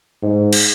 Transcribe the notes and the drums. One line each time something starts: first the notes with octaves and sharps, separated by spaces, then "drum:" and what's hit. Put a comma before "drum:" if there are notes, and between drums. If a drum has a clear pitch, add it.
G#2
drum: cymbal